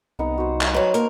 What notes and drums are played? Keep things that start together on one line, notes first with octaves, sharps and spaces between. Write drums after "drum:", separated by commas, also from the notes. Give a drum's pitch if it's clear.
C2 B3 D#4 F#5
F#4 C5
drum: clap
F#3 D#4 F#4 B4 C5
A#3 A#4, drum: hi-hat